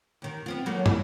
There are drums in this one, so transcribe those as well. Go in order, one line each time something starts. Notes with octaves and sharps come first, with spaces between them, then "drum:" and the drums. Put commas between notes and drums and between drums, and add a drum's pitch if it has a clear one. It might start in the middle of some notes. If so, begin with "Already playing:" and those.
D#2 D#3
B3 C4 F4
F#3 A3 A#3
E3 G3 E4, drum: tom